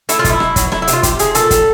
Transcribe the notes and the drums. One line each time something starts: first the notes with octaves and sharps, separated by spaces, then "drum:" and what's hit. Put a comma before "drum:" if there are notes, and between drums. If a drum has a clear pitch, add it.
A3 E4, drum: hi-hat
F4
B2 E4, drum: kick, hi-hat
B2, drum: rim click
F#3, drum: kick, hi-hat
A3 E4, drum: rim click
E4
C3, drum: hi-hat
F4
C3 G4, drum: kick, hi-hat
F3 G#4, drum: hi-hat
A#2 A4, drum: hi-hat
G3, drum: kick, hi-hat